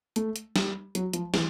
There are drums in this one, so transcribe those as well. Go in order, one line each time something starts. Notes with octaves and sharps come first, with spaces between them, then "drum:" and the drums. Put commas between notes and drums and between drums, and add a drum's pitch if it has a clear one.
A3, drum: hi-hat
drum: hi-hat
G3, drum: snare
F#3, drum: hi-hat
F3, drum: hi-hat
E3, drum: snare